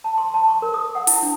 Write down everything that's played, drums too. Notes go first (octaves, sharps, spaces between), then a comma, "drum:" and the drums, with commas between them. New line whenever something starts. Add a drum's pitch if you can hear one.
A5
C6
A5
C#6
A#4
D#6
F#5
E4, drum: open hi-hat
D4